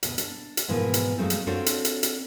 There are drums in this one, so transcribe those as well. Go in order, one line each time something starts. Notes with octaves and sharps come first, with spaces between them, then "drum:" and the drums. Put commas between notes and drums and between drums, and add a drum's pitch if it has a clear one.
D2 B2, drum: hi-hat
D4, drum: hi-hat
drum: hi-hat
G#2 B2 E3 F3 A#3
drum: hi-hat
F3 F#3 G#3 A3 C4
drum: hi-hat
C4 D4 F4 F#4 A4 C#5
drum: hi-hat
drum: hi-hat
drum: hi-hat